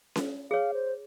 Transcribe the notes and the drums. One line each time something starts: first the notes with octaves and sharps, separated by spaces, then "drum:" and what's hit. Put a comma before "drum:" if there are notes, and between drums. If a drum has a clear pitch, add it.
drum: snare C#4
G#4 C#5 F5
C5